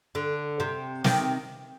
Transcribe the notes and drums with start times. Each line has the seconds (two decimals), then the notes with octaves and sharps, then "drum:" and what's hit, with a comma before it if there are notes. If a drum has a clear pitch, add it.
0.15 D3
0.60 C3
1.04 C3 D#3, drum: snare